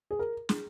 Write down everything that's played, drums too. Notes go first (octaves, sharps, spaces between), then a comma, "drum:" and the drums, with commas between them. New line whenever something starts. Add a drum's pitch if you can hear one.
G#4
A#4
G#4, drum: snare